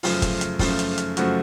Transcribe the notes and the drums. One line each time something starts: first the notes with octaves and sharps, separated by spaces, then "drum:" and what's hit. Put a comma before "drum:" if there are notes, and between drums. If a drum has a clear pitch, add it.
F#2 C#3 F3 A3 F4, drum: open hi-hat
drum: kick, hi-hat
drum: hi-hat
F#2 C#3 F3 A3 F4, drum: kick, open hi-hat
drum: hi-hat
drum: hi-hat
F#2 C#3 F3 A3 F#4, drum: hi-hat